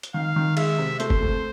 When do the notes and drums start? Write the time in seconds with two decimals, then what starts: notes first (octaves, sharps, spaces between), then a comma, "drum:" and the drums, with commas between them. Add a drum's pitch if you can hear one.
0.03 drum: hi-hat
0.14 D#3 F5
0.36 D#3
0.57 G#3 E5, drum: cymbal
0.78 C3
1.00 A3 C5, drum: hi-hat
1.10 drum: kick
1.21 A3